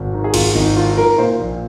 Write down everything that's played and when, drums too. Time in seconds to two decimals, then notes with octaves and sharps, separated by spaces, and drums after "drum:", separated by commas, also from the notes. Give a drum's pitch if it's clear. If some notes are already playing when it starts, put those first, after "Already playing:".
Already playing: G#1
0.13 D#3
0.24 G#4
0.34 G#1 F4, drum: cymbal
0.55 G#1 D#4
0.76 D#3 F4
0.97 D#3 A#4
1.18 A#2 C5
1.40 A#1